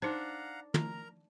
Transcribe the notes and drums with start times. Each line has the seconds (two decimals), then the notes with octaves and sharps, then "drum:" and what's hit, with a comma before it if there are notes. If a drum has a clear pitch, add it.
0.02 D4 D#4 C5 F5 F#5 A#5
0.74 A#4 A#5, drum: tom